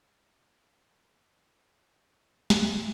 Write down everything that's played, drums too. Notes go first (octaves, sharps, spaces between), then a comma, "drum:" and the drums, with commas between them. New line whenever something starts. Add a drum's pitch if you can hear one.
F5
C#5
C#3
drum: snare